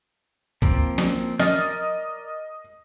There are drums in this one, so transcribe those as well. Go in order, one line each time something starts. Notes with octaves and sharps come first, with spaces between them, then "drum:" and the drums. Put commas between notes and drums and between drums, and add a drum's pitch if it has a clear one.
F3 A#3 C4, drum: kick
drum: snare
A#4 D5 D#5 F6, drum: snare